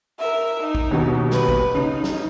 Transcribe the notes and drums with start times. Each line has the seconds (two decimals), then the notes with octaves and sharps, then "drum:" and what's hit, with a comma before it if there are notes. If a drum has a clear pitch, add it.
0.19 A#4 E5
0.60 D#4
0.75 drum: kick
0.91 D#2 B2
1.31 B4, drum: snare
1.49 drum: kick
1.75 C#3 D#4
2.04 drum: snare